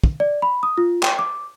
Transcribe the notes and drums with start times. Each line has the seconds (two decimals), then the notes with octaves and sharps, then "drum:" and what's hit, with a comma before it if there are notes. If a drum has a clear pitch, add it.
0.04 drum: kick
0.20 D5
0.42 B5
0.63 D#6
0.78 F4
1.03 G5, drum: clap
1.19 D6